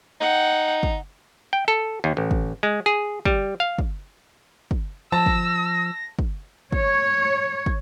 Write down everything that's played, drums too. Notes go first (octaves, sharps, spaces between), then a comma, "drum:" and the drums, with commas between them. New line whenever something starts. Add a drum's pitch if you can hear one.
D#4 F#5 G5
drum: kick
G5
A4
D#2
A1
drum: kick
G#3
G#4
G3, drum: kick
F5
drum: kick
drum: kick
F3 A5 E6 A#6
drum: kick
drum: kick
C#5, drum: kick
drum: kick